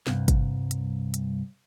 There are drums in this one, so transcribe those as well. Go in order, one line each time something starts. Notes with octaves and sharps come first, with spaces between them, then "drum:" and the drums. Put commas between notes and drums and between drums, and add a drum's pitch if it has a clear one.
C2 G2, drum: snare
drum: kick, hi-hat
drum: hi-hat
drum: hi-hat